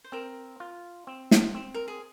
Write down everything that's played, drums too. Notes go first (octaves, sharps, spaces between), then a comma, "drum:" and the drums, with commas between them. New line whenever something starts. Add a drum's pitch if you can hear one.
C5
C4 A#4
F4
C4
drum: snare
C4
A#4
G#4